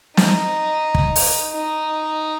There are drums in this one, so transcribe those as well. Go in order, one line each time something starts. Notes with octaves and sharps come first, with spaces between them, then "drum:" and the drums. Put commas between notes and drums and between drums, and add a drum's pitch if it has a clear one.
D#4, drum: snare
drum: kick
drum: open hi-hat
D#4